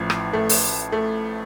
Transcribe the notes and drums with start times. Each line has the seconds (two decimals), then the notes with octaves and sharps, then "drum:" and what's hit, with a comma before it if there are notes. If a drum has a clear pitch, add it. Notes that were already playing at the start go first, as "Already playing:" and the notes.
Already playing: A1 A2 F3
0.10 drum: rim click
0.33 A3
0.49 drum: open hi-hat
0.92 A3